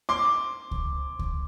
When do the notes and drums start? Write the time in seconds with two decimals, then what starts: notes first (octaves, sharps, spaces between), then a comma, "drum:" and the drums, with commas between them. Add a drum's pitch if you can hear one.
0.09 C6 D6
0.71 drum: kick C#2
1.19 drum: kick C#2